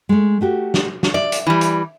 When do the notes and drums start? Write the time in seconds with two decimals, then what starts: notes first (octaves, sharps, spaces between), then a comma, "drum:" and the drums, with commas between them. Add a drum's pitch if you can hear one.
0.09 G#3 A3
0.41 A3 F#4 G4
0.74 drum: snare
1.03 drum: snare
1.14 D5 E5
1.32 drum: hi-hat
1.47 E3 G3
1.61 drum: hi-hat